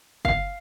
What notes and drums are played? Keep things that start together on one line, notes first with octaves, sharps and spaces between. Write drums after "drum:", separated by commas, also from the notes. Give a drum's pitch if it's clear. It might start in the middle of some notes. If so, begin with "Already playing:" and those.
F5, drum: kick F#1